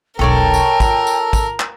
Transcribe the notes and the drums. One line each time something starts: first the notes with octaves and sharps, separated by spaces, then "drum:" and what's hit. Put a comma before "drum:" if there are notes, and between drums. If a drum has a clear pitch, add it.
E1 B1 A4 A#4 C#5 D5 G5
drum: tambourine
F4, drum: kick, tambourine
drum: tambourine
drum: kick, tambourine
drum: clap